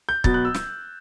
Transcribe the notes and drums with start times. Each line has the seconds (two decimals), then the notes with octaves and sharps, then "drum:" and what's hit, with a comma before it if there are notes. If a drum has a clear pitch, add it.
0.09 G6
0.24 B2 F#3 B3 A6, drum: kick
0.34 F#6
0.45 E6
0.54 drum: snare